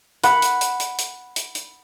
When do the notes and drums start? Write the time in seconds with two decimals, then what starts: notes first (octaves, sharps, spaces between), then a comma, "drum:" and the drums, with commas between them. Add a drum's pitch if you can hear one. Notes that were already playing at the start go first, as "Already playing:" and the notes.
0.24 F#5 B5, drum: hi-hat
0.42 drum: hi-hat
0.61 drum: hi-hat
0.80 drum: hi-hat
0.99 drum: hi-hat
1.36 drum: hi-hat
1.55 drum: hi-hat